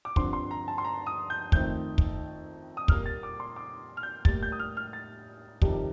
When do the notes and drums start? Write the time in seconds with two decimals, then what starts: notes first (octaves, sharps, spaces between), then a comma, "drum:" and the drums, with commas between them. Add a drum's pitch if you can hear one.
0.05 D6
0.16 G2 D3 F3 C4 C6, drum: kick
0.33 C6
0.51 A#5
0.68 A5
0.78 C6
0.85 A#5
1.06 D#6
1.30 G6
1.52 F2 D#3 A3 C4 G6, drum: kick
1.98 drum: kick
2.77 D#6
2.88 A#2 G3 A#3 F6, drum: kick
3.06 A6
3.23 D6
3.40 C6
3.56 D6
3.97 F6
4.03 G6
4.25 A2 G3 A#3 A6, drum: kick
4.43 G6
4.52 D#6
4.59 F6
4.77 F6
4.93 A6
5.62 F2 C3 D#3 G3, drum: kick